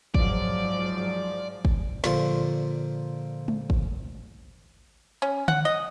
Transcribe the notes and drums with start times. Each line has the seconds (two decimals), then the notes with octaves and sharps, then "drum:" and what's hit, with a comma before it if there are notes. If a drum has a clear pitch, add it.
0.15 G#2 F3 F#3 D5, drum: kick
1.65 drum: kick
2.04 A#2 D3 F3 C6, drum: snare
3.48 drum: tom G#3
3.70 drum: kick
5.22 C#4
5.48 F#5, drum: tom D3
5.65 D#5